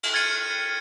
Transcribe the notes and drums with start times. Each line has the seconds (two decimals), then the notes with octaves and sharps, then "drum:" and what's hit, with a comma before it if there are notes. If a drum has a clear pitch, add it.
0.03 drum: cymbal
0.13 F6 G#6 A6 C#7 D#7